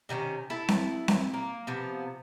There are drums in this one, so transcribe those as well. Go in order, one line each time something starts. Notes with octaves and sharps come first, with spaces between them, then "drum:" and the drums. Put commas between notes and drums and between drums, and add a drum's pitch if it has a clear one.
C3 D#3 B3 C#4
E4 A4
drum: snare C4
drum: snare C4
A#3
C3 F3 B3